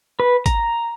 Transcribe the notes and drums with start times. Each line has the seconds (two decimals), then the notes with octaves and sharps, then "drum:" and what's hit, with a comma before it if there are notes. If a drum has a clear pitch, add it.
0.20 B4
0.46 A#5, drum: kick G#1, hi-hat